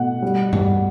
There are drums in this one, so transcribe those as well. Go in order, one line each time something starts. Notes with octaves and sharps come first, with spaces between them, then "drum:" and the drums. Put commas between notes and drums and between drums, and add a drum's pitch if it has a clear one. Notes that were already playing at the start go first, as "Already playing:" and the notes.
Already playing: B2 A3 F#5
G3
G3, drum: tom G2